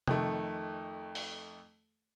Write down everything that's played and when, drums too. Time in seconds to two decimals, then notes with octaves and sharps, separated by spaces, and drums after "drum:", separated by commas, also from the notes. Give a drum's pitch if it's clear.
0.07 F2 D#3 A3, drum: tom
1.15 drum: open hi-hat